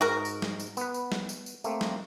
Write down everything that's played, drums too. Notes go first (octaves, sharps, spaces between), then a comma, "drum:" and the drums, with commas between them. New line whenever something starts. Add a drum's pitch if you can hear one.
G#2 F#4 A#4
drum: tambourine
drum: snare
drum: tambourine
B3 B4, drum: tambourine
drum: tambourine
drum: snare
drum: tambourine
drum: tambourine
A3 A#3 C4, drum: tambourine
drum: snare